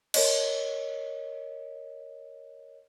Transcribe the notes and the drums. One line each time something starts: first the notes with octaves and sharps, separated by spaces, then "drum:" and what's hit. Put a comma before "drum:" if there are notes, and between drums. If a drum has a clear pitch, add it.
A#4 C#5 D#5, drum: cymbal